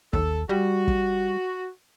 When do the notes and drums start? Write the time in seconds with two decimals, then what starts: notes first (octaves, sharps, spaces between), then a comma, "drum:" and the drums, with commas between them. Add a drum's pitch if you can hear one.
0.13 D#2 A4, drum: kick
0.49 G3 F#4
0.88 drum: kick